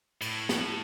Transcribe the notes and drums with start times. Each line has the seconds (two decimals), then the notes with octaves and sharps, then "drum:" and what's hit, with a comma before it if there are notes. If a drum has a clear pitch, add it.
0.21 A2, drum: cymbal
0.49 drum: snare